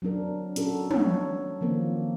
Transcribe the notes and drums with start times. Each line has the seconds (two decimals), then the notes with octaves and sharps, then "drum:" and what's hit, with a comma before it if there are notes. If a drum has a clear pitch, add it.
0.02 F#3 C4 D4 A#4
0.56 C#4 F#4 A4 A#4, drum: hi-hat
0.91 C#5, drum: tom
1.61 D#3 F3 A#3 C4